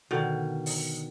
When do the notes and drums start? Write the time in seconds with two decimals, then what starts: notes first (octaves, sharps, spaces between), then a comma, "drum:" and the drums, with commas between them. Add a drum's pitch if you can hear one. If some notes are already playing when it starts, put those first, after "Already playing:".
0.11 B2 D3 D#3
0.66 drum: open hi-hat